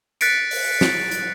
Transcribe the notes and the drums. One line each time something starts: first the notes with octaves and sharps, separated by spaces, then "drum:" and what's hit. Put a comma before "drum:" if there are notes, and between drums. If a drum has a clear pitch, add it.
F#6 A6 B6 C#7 D7, drum: hi-hat
drum: open hi-hat
drum: snare
drum: hi-hat